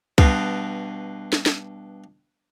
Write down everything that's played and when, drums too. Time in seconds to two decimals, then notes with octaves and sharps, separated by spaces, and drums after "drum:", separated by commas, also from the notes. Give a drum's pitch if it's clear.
0.18 G2 B2 B3, drum: kick C2
1.33 drum: snare
1.46 drum: snare